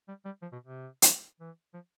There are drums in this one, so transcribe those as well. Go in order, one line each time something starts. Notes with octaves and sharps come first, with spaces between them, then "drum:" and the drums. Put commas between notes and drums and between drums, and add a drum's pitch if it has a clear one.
G3
G3
F3
B2
C3
drum: hi-hat
E3
F3